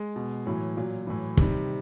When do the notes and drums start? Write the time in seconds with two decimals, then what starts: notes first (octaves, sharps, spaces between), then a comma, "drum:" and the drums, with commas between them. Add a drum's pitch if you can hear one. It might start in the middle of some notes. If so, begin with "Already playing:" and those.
Already playing: G#3
0.16 B2
0.46 A2 E3 F#3
0.77 A#2 F#3
1.07 A2 E3
1.37 C3 D#3 G3, drum: kick